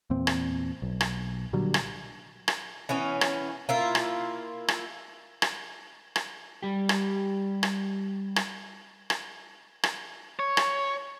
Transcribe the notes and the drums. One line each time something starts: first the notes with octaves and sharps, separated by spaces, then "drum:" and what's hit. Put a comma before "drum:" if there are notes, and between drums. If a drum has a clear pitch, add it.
E2 A#2 C4
drum: rim click
B1
drum: rim click
A#2 D3 F#3 G3
drum: rim click
drum: rim click
E3 B3 C#4
drum: rim click
A#3 E4 F4
drum: rim click
drum: rim click
drum: rim click
drum: rim click
G3 G4
drum: rim click
drum: rim click
drum: rim click
drum: rim click
drum: rim click
C#5
drum: rim click